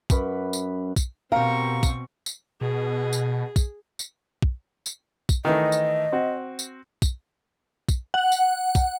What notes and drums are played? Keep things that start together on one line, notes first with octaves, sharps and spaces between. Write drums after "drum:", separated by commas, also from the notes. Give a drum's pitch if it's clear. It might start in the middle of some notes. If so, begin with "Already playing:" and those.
F#2 B4 D6, drum: kick, tambourine
drum: tambourine
drum: kick, tambourine
B2 C4 G4 A#4 F5 C#6
drum: kick, tambourine
drum: tambourine
B2 G#4
drum: tambourine
drum: kick, tambourine
drum: tambourine
drum: kick
drum: tambourine
drum: kick, tambourine
D#3 E3 A3 D#5
drum: tambourine
C4 F#4
drum: tambourine
drum: kick, tambourine
drum: kick, tambourine
F#5
drum: tambourine
drum: kick, tambourine